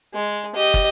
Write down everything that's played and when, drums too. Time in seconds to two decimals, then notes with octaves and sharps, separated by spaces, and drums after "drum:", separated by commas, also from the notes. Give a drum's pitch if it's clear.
0.14 G#3
0.55 G4 D#5
0.74 drum: kick